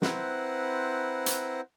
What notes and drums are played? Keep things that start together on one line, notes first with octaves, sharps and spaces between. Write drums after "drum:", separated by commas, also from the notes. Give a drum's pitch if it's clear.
C4 E4 B4 C5 F#5 A#5, drum: snare
drum: hi-hat